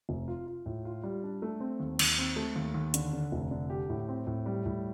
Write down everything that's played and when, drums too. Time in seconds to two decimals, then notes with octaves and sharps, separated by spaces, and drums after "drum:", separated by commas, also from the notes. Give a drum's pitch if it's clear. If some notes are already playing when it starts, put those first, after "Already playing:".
0.09 F1
0.28 F4
0.47 F4
0.66 A2
0.85 F4
1.03 G3
1.24 D4
1.42 A3
1.60 C4
1.80 D#2
1.99 D#2, drum: cymbal
2.18 C4
2.36 A3
2.56 D#2
2.74 D#2
2.94 D3, drum: hi-hat
3.13 D3
3.32 F1
3.51 D3
3.70 G4
3.89 A2
4.08 C4
4.27 A2
4.46 G3
4.66 A2